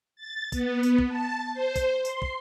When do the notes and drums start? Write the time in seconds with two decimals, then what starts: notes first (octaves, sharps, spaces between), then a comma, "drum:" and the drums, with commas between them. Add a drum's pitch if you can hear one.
0.16 A6
0.52 B3, drum: kick, tambourine
0.83 drum: tambourine
0.98 drum: kick
1.09 A5
1.53 C5
1.76 drum: kick, tambourine
2.05 C6, drum: tambourine
2.22 drum: kick